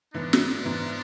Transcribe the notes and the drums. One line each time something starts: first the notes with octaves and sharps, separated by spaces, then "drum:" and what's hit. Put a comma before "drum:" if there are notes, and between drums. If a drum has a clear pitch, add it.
G#2 E3 B3 D4
drum: snare
G#2 E3 B3